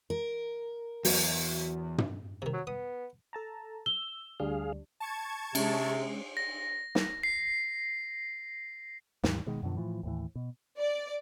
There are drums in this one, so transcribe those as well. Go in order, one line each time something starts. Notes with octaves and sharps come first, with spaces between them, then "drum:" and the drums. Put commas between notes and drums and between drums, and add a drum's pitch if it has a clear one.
A#4
E2 F#3, drum: open hi-hat
drum: tom
C3 D#3
F#3
B3 D#6
A4 A5 A#5
E6 G7
D2 G3 D4 G#4 F5
A5 C#6 G#6
C3 G#3 C#4, drum: cymbal
A#6
drum: snare
C7
D#2 G#2 E3 G3, drum: snare
B2 D#3 G#3
F#2 B2 D3 F3
A2 E3 F3
D#2 A2 E3
B2
D5